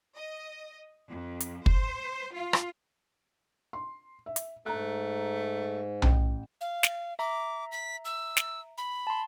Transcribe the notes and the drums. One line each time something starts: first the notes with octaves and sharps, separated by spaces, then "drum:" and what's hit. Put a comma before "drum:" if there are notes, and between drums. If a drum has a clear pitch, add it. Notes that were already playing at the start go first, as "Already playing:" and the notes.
D#5
F2
drum: hi-hat
C5, drum: kick
F4
drum: rim click
C6
E5
drum: hi-hat
G#2 A3 A#5 F#6
A1 G5, drum: tom B1
F5
drum: snare
E5 A#5 D6
B6
E6
drum: snare
B5
A5 C6